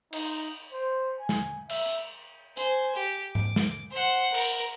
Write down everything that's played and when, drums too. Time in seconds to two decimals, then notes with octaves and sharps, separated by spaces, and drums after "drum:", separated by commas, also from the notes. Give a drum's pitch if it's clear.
0.13 D#4, drum: cymbal
0.72 C5
1.20 G#5
1.29 drum: snare
1.69 E5, drum: cymbal
1.86 drum: hi-hat
2.57 C5 G#5, drum: hi-hat
2.95 G4
3.35 D6, drum: tom G#2
3.56 drum: snare
3.91 C5 F#5
4.34 A#4, drum: cymbal